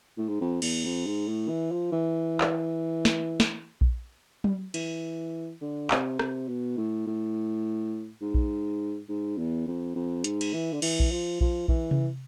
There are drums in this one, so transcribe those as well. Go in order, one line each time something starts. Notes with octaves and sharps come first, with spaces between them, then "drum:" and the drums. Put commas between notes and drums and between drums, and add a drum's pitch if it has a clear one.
A2
G#2
F2
E2, drum: cymbal
F2
G#2
A2
E3
F3
E3
drum: clap
drum: snare
drum: snare
drum: kick A#1
drum: tom F#3
E3, drum: cymbal
D3
C3, drum: clap
C3, drum: rim click
B2
A2
A2
G#2
drum: kick A#1
G#2
E2
F2
F2
G#2, drum: hi-hat
drum: cymbal
E3
D3
E3, drum: cymbal
drum: kick A#1
F3
F3, drum: kick A#1
E3, drum: kick A#1
drum: tom C3